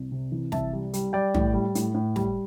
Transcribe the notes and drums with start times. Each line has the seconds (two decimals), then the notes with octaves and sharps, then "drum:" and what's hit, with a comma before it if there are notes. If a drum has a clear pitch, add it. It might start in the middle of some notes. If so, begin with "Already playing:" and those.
Already playing: C2
0.12 C3
0.32 E3
0.52 C2 E5 A5, drum: snare
0.73 G3
0.93 G3, drum: hi-hat
1.13 G3 D5 G5
1.34 A2, drum: tom
1.54 G3
1.75 A2, drum: hi-hat
1.94 A2
2.16 G3, drum: snare